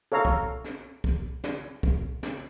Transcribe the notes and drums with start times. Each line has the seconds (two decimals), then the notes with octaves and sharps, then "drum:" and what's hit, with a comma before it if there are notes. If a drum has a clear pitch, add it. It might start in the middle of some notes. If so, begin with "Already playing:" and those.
0.12 A4 C#5 F5 A#5
0.25 drum: kick
0.64 drum: snare
1.04 drum: kick
1.44 drum: snare
1.83 drum: kick
2.23 drum: snare